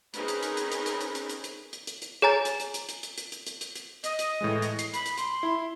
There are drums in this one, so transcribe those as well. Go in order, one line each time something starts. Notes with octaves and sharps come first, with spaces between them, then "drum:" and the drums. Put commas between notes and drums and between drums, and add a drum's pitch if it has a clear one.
C4 C#4 D#4 G#4 A#4 B4, drum: hi-hat
drum: hi-hat
drum: hi-hat
drum: hi-hat
drum: hi-hat
drum: hi-hat
drum: hi-hat
drum: hi-hat
drum: hi-hat
drum: hi-hat
drum: hi-hat
drum: hi-hat
drum: hi-hat
G#4 C#5 G#5 A#5 A6
drum: hi-hat
drum: hi-hat
drum: hi-hat
drum: hi-hat
drum: hi-hat
drum: hi-hat
drum: hi-hat
drum: hi-hat
drum: hi-hat
drum: hi-hat
D#5, drum: hi-hat
drum: hi-hat
A2 E3 G#3
drum: hi-hat
C7, drum: hi-hat
B5, drum: hi-hat
drum: hi-hat
C6, drum: hi-hat
E4 B5